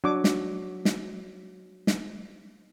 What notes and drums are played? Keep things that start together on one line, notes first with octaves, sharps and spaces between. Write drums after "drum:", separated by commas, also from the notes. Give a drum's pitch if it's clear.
F#3 D4 D6
drum: snare
drum: snare
drum: snare